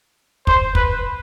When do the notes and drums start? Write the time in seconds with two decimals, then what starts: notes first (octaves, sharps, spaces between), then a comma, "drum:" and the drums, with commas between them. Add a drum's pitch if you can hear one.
0.47 C5, drum: kick
0.75 B4, drum: kick